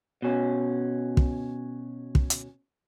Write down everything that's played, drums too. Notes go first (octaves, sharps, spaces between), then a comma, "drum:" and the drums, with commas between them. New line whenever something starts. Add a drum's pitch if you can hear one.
B2 C#4
drum: kick
drum: kick
drum: hi-hat